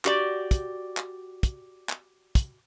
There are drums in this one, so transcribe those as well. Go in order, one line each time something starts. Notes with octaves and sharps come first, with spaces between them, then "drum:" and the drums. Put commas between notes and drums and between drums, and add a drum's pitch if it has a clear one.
F#4 G4 D5, drum: clap
drum: kick, hi-hat
drum: clap
drum: kick, hi-hat
drum: clap
drum: kick, hi-hat